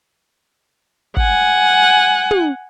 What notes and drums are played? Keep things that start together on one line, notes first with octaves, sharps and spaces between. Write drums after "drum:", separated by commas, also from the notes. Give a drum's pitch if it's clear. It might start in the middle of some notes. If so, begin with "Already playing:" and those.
F#5 G#5, drum: kick
drum: tom